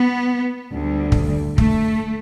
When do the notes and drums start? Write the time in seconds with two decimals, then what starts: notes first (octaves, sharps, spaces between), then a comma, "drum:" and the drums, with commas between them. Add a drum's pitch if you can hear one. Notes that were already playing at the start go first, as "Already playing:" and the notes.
Already playing: B3
0.72 D2 D3 G3
1.12 drum: kick
1.58 A3, drum: kick